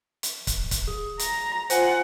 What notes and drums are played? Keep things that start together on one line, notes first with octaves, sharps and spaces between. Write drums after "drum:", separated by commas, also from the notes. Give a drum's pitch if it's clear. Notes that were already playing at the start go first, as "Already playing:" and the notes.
drum: hi-hat
drum: kick C#1, hi-hat
drum: kick C#1, hi-hat
G#4
A#5, drum: hi-hat
F4 C5 F#5 G#5, drum: hi-hat